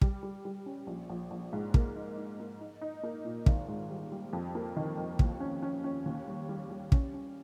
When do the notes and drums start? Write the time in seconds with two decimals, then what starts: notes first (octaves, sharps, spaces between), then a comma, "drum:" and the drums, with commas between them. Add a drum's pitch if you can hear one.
0.01 G3, drum: kick
0.23 G3
0.45 G3
0.66 C#4
0.87 A#1
1.10 A#1
1.31 A#1
1.53 G#2
1.74 A#3, drum: kick
1.96 D#4
2.17 D#4
2.39 A#3
2.61 D#4
2.81 D#4
3.03 A#3
3.25 A#2
3.46 G#1, drum: kick
3.68 G#2
3.90 G3
4.12 G3
4.33 F2
4.55 A#3
4.77 D#3
4.98 F2
5.19 D#2, drum: kick
5.40 C#4
5.63 C#4
5.84 C#4
6.06 D#2
6.28 G3
6.49 G3
6.70 G3
6.92 C#4, drum: kick
7.14 C#4